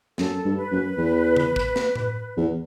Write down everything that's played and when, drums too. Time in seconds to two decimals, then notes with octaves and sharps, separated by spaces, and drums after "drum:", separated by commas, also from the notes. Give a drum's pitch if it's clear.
0.18 F#2 A4, drum: snare
0.45 G2
0.57 B4
0.71 F#2
0.98 E2
1.36 drum: tom C#3
1.56 drum: kick
1.76 drum: snare
1.95 drum: tom A2
2.37 E2